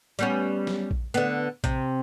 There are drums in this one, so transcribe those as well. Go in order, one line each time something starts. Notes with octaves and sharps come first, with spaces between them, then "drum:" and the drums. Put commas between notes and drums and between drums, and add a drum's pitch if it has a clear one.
G3 B3 C#4, drum: hi-hat
drum: snare
drum: kick A#1
D3 B3, drum: hi-hat
C3, drum: kick A#1, hi-hat